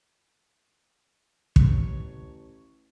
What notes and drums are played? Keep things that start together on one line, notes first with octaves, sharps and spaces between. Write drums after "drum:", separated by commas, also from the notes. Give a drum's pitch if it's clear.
A1 E4 C#5, drum: kick